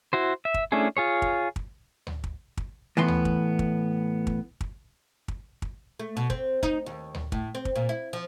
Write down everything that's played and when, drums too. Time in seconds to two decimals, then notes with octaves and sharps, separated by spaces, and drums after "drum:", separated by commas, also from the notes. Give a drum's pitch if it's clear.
0.13 E4 F#4 C5
0.45 E5
0.54 drum: kick
0.72 A3 C#4 D4 E4 G#4
0.97 F4 G#4 C#5
1.22 drum: kick
1.56 drum: kick
2.07 drum: tom D2
2.24 drum: kick
2.57 drum: kick
2.97 A2 E3 B3 C6
3.08 drum: tom D2
3.25 drum: kick
3.59 drum: kick
4.27 drum: kick
4.61 drum: kick
5.28 drum: kick
5.62 drum: kick
6.00 A3
6.17 B2
6.30 C4, drum: kick
6.63 D#4, drum: kick
6.86 D#2
7.14 drum: tom D2
7.32 A2, drum: kick
7.55 C4
7.65 drum: kick
7.76 A#2
7.89 E4
8.13 F3